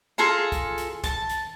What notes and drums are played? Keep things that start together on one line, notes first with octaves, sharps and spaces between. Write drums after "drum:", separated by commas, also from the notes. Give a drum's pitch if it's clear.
F4 G#4 A4 A#5
drum: kick, hi-hat
drum: hi-hat
A5, drum: kick, hi-hat
drum: hi-hat